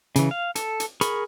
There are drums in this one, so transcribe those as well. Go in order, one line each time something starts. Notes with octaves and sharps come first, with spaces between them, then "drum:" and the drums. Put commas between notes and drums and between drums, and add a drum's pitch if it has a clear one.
C#3 E3, drum: hi-hat
F5
A4, drum: hi-hat
drum: hi-hat
G#4 A#4 B5 C#6, drum: hi-hat